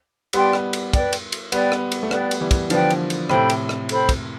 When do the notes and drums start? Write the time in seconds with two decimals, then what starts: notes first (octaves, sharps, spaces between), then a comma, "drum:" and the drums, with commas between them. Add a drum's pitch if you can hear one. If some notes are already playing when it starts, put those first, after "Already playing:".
0.33 G3 B3 G4 D5 G5 C6, drum: cymbal
0.53 drum: rim click
0.73 drum: cymbal
0.93 B4 D5 G5, drum: kick, cymbal
1.13 drum: cymbal
1.32 drum: cymbal
1.52 G3 B3 B4 D5 G5, drum: cymbal
1.72 drum: rim click
1.92 drum: cymbal
2.03 A3
2.11 G3 B3 B4 D5 G5, drum: rim click
2.31 drum: cymbal
2.41 E3 G3
2.51 drum: kick, cymbal
2.70 D3 F3 B4 D5 G5, drum: cymbal
2.90 drum: cymbal
3.10 drum: cymbal
3.30 A2 C3 A4 C5 G5 B5, drum: rim click
3.50 drum: cymbal
3.69 drum: rim click
3.89 A4 C5 G5 B5, drum: cymbal
4.09 drum: kick, cymbal